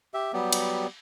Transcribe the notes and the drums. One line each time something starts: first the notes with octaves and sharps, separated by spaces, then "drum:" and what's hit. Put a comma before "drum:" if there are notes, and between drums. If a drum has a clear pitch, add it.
G4 E5
F#3 G3 B3 G4
drum: cymbal